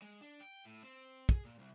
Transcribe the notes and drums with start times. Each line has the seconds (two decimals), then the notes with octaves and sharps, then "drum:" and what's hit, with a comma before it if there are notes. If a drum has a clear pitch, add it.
0.02 G#3
0.21 D4
0.41 G5
0.65 A2
0.83 C4
1.29 G#4, drum: kick
1.45 A#2
1.59 C2